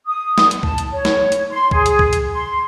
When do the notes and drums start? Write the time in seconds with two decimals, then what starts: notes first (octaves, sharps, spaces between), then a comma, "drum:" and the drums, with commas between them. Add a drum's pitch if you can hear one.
0.07 D#6
0.38 drum: snare
0.51 drum: hi-hat
0.63 A5, drum: kick
0.78 drum: hi-hat
0.91 C#5
1.05 drum: snare
1.32 drum: hi-hat
1.51 C6
1.71 G#4, drum: kick
1.86 drum: hi-hat
1.99 drum: kick
2.13 drum: hi-hat
2.32 C6